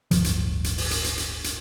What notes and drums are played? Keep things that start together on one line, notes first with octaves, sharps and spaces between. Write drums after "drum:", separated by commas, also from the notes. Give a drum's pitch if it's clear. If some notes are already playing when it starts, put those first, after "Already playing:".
D1 G1 F3, drum: hi-hat
drum: hi-hat
drum: hi-hat
drum: open hi-hat
drum: hi-hat
drum: hi-hat
drum: hi-hat
drum: hi-hat